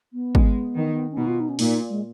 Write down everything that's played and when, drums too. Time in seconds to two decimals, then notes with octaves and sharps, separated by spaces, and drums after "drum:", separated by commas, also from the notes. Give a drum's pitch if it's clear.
0.13 B3
0.35 G#3, drum: kick G#1
0.76 D#3
1.12 C#4
1.17 B2 D#4
1.27 F4
1.40 D#4
1.49 C#4
1.59 A#2 D#4, drum: open hi-hat
1.89 G#3